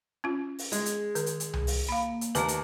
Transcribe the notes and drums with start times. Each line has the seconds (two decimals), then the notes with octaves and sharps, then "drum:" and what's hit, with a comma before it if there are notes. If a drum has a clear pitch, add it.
0.24 C#4 F4
0.59 drum: open hi-hat
0.72 G#3 G#4, drum: hi-hat
0.86 drum: hi-hat
1.15 D#3, drum: hi-hat
1.26 drum: hi-hat
1.40 drum: hi-hat
1.53 drum: tom C2
1.67 drum: open hi-hat
1.89 A#3 F5 B5
2.21 drum: hi-hat
2.35 D#2 A3 B4 A#5 D6, drum: hi-hat
2.48 drum: hi-hat